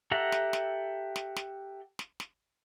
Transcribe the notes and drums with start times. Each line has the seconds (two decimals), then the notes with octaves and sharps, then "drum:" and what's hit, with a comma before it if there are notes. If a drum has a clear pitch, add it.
0.11 G4 A4 E5 F#5 A#5
0.32 drum: snare
0.53 drum: snare
1.16 drum: snare
1.36 drum: snare
1.99 drum: snare
2.20 drum: snare